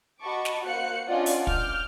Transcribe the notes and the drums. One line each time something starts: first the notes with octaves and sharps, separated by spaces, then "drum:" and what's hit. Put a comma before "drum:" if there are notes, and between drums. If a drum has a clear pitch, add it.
F#4 D#5 A5 B5 C#6 D6
drum: snare
A#3 F#4 C5 F5 F#6 C#7
C#4 D4 F4 D5 D#5 F#5
drum: open hi-hat
D6 F6 G6, drum: kick